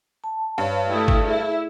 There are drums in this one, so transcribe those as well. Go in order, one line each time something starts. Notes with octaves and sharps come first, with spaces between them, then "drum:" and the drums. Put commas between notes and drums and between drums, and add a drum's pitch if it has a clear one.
A5
G2 B4 C#5 F5
A3 E4 G5 D#6
drum: kick
E4 G#4 E5